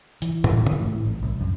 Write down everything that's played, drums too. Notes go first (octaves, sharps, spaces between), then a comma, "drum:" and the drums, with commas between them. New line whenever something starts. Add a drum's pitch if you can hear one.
E3, drum: hi-hat
drum: tom
drum: tom
A2
A1
C2
F#2